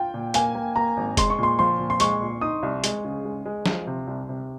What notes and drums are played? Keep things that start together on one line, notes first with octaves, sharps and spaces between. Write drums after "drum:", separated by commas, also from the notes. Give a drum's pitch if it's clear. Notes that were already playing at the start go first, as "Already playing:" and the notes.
Already playing: F4 G5
A#2
A#3 G#5, drum: hi-hat
A#3
A#3 A#5
G#1
G#3 C6, drum: kick F1, hi-hat
C#6
A#2 C6
F3 C6
A#2
C6
G#3 C#6, drum: hi-hat
A#2
D#4 D#6
C2
G#3, drum: hi-hat
C#3
G#3
G#3
F3, drum: snare
C3
C2
C3